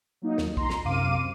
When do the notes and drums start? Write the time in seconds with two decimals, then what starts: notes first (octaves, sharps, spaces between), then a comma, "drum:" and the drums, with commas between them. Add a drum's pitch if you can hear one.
0.22 F#3 A#3 D#4
0.38 D#2, drum: snare
0.57 A#5 C6, drum: kick
0.70 drum: snare
0.85 F#2 C3 F5 D6 D#7